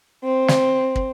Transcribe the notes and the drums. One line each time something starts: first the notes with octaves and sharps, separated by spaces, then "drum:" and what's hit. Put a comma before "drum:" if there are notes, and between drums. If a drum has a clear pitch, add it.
C4
drum: snare
drum: kick